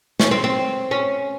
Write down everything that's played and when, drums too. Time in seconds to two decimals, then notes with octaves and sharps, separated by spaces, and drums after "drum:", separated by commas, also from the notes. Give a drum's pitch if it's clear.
0.20 C#4, drum: snare
0.31 C4
0.44 C4
0.91 C#4